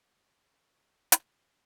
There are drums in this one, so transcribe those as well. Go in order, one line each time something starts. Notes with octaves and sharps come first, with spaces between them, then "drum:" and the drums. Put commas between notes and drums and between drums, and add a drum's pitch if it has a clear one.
C#3 C#6
drum: hi-hat